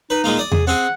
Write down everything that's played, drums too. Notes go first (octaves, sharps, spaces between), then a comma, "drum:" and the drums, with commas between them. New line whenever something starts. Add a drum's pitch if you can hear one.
D#4 B4
A#2 G#3 A#3
D5 D#6
G#4, drum: tom E2
C4 G#4 F#5